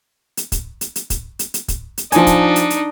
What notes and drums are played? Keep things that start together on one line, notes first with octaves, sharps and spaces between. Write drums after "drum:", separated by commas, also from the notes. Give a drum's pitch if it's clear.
drum: hi-hat
drum: kick, hi-hat
drum: hi-hat
drum: hi-hat
drum: kick, hi-hat
drum: hi-hat
drum: hi-hat
drum: kick, hi-hat
drum: hi-hat
F3 D4 D#4 G#5, drum: hi-hat
drum: kick, hi-hat
drum: hi-hat
drum: hi-hat